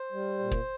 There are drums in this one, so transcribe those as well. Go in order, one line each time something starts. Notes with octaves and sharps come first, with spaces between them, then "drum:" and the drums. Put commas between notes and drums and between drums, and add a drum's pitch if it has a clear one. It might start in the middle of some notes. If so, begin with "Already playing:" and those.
Already playing: C5
G3
A#2
drum: kick